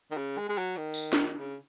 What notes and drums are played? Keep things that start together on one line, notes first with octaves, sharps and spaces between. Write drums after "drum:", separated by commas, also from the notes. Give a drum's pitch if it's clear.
D#3
C#3
G#3
G#3
F#3
D#3
drum: tambourine
drum: snare
C#3